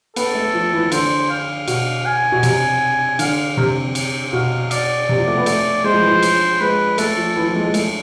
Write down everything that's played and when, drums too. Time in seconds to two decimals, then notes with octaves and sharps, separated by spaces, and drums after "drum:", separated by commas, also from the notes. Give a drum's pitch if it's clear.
0.16 B3 A4, drum: cymbal
0.35 A3
0.54 F3
0.73 E3
0.92 D3 C5, drum: cymbal
1.29 F5
1.68 B2, drum: cymbal
2.06 G#5
2.32 B2
2.43 C3, drum: cymbal
3.19 D3 F5, drum: cymbal
3.57 C3
3.95 drum: cymbal
4.33 B2 F5
4.71 D5, drum: cymbal
5.09 C3
5.18 F3
5.28 A3
5.37 B3
5.46 A3, drum: cymbal
5.84 G#3 C5
5.93 F3
6.00 E3
6.09 F3
6.23 drum: cymbal
6.60 G#3 B4
6.98 A3 A4, drum: cymbal
7.17 F3
7.36 E3
7.46 F3
7.55 G#3
7.65 G#3
7.74 A3, drum: cymbal